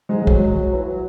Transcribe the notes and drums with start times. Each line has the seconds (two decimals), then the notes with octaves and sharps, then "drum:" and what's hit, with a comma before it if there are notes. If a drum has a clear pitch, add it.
0.09 G#2 G#3
0.22 G#3
0.27 F#3, drum: kick
0.47 F#3
0.73 E3
0.84 F#3